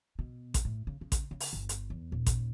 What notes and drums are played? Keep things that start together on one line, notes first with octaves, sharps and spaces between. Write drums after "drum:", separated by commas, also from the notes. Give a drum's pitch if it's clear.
B2
drum: kick A1, hi-hat
A2
C#3
C#3
drum: kick A1, hi-hat
C#3
drum: open hi-hat
G1
drum: hi-hat
E2
D#1
drum: kick A1, hi-hat